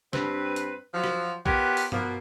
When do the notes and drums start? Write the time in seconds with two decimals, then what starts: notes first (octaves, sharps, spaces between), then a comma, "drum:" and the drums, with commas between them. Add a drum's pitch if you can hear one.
0.13 G2 C4 B4, drum: snare
0.56 drum: hi-hat
0.94 F3 F#3
1.04 drum: rim click
1.46 B3 F4 G4 A#4 B4 C#5, drum: kick A#1
1.77 drum: open hi-hat
1.92 B2 F3 A#3, drum: tom G2